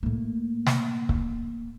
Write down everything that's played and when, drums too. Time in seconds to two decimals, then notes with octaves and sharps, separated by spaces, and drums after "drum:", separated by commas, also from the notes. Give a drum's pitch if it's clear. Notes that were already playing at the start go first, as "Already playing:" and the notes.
0.03 A2 A#3
0.67 drum: snare
1.09 drum: kick C#1